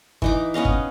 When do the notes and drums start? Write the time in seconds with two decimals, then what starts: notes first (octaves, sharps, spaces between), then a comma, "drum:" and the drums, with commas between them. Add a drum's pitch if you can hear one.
0.22 E3 D#4 D6, drum: kick
0.54 B3 C#4 D#5 F5
0.65 drum: kick